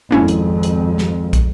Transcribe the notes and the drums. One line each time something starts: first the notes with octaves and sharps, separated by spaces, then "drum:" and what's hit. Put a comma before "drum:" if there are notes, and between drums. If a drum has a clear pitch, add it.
G#1 F2 A#3 C#4 E4
drum: hi-hat
drum: hi-hat
drum: snare
drum: kick, hi-hat